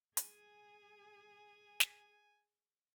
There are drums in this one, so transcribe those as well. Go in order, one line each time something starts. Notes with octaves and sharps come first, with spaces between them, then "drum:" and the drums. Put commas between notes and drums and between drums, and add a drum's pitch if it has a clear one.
G#4 G#5, drum: hi-hat
drum: snare